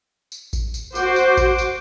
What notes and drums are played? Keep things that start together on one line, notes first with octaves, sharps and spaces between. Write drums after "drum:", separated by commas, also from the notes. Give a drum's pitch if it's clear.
drum: tambourine
drum: kick A1, tambourine
drum: tambourine
F#4 C5 D6, drum: tambourine
drum: tambourine
drum: kick A1, tambourine
drum: tambourine